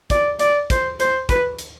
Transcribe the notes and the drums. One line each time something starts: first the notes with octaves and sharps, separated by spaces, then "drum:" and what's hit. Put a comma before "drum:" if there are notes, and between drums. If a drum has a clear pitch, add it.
D5, drum: kick, hi-hat
D5, drum: hi-hat
C5, drum: kick, hi-hat
C5, drum: hi-hat
B4, drum: kick, hi-hat
drum: hi-hat